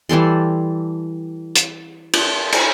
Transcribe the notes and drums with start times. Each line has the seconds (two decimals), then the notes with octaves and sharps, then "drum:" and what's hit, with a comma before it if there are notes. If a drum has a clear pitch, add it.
0.09 E3 G3 A4 C6
1.55 drum: hi-hat
2.13 drum: cymbal
2.52 drum: cymbal